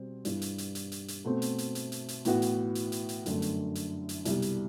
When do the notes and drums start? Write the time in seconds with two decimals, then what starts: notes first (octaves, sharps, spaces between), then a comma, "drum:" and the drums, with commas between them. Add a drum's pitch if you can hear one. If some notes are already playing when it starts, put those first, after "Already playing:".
Already playing: B2 G3 C4
0.25 G2 E3 G3, drum: hi-hat
0.42 drum: hi-hat
0.58 drum: hi-hat
0.75 drum: hi-hat
0.92 drum: hi-hat
1.08 drum: hi-hat
1.24 B2 A3 C4
1.42 drum: hi-hat
1.58 drum: hi-hat
1.75 drum: hi-hat
1.92 drum: hi-hat
2.08 drum: hi-hat
2.25 A2 E3 B3 F#4, drum: hi-hat
2.42 drum: hi-hat
2.75 drum: hi-hat
2.92 drum: hi-hat
3.09 drum: hi-hat
3.26 G1 F#2 D3 A3, drum: hi-hat
3.42 drum: hi-hat
3.75 drum: hi-hat
4.09 drum: hi-hat
4.25 C2 B2 G3, drum: hi-hat
4.42 drum: hi-hat